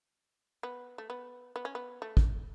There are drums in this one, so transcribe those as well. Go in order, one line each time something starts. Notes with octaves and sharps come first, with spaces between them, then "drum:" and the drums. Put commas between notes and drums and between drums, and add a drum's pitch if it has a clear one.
B3
A3
B3
B3
C#4
B3
A3
drum: kick